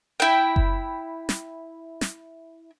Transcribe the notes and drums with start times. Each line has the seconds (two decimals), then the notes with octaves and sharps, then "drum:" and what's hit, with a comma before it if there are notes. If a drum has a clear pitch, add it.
0.20 E4 G5
0.56 drum: kick F#1
1.29 drum: snare
2.01 drum: snare